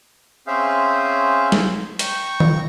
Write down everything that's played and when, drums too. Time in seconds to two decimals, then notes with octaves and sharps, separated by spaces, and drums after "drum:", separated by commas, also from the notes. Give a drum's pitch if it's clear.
0.47 C4 C#4 G#4 C5 E5 F5
1.52 drum: snare
1.99 G5 A#5 C#6, drum: hi-hat
2.40 drum: tom D#3